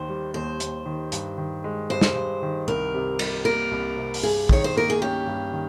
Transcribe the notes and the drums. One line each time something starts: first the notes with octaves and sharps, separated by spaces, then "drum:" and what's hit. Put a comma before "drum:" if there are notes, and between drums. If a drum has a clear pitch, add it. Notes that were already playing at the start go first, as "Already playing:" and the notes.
Already playing: D#2 D#3 C5
G3
D#2 C5
D#2, drum: hi-hat
D#3
G2, drum: hi-hat
D#3
G#3
G2 C5
drum: snare
G2
D#3
C2 A#4
C3
G3, drum: cymbal
A#3 A#4
C2
C3
drum: open hi-hat
G2 G#4
D#3 C#5, drum: kick
C5
A#3 A#4
G#4
C#4 G4
G2
D#3